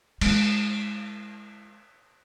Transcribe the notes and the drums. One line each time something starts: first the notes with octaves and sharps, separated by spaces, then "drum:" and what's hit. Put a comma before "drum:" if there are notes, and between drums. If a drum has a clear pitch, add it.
G#3 E4, drum: cymbal